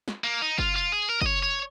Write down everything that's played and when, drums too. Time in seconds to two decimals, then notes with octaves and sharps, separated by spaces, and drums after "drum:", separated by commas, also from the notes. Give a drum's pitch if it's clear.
0.08 drum: snare
0.24 A#3
0.42 D#4
0.58 F4, drum: kick
0.76 F4
0.92 G#4
1.10 A#4
1.21 D#5, drum: kick
1.26 C#5
1.43 C#5